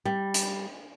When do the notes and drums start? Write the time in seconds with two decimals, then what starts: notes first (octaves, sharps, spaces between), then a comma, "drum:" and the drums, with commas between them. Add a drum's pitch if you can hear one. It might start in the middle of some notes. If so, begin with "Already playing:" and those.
0.05 G3
0.34 drum: hi-hat